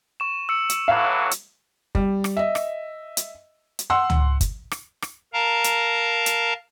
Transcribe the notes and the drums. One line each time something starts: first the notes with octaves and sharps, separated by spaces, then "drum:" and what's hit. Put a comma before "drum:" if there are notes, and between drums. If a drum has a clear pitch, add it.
C#6 E7
E6 C#7
drum: hi-hat
A2 E3 F#3 F5
drum: hi-hat
G3, drum: kick
drum: rim click
D#5 E5
drum: rim click
drum: hi-hat
drum: hi-hat
F#5 C6 E6
drum: tom C#2
drum: kick, hi-hat
drum: rim click
drum: rim click
A#4 F5 A5 A#5
drum: hi-hat
drum: hi-hat